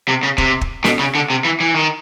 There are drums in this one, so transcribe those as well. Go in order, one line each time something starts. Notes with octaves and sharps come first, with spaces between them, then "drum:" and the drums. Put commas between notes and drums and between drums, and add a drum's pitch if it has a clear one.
C3
C#3
C3, drum: kick
drum: kick
B2, drum: snare
C#3
D3
C3
E3
E3
D#3